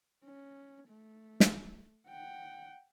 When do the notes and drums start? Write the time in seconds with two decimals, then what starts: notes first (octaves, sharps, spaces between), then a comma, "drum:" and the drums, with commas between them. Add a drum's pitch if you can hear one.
0.24 C#4
0.89 A3
1.40 drum: snare
2.09 F#5 G5